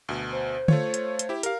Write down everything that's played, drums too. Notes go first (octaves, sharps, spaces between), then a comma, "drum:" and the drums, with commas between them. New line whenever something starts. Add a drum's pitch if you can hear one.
D2 B2
C5
A3 F4 C#5, drum: tom
drum: hi-hat
drum: hi-hat
E4 G4
G4 A#4 F5, drum: hi-hat